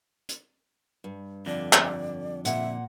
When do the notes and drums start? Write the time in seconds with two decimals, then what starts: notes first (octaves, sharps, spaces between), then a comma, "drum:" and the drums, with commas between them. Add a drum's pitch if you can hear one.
0.29 drum: hi-hat
1.04 G2
1.46 F2 D3 D5
1.73 drum: clap
2.45 A#2 E5 F#5, drum: hi-hat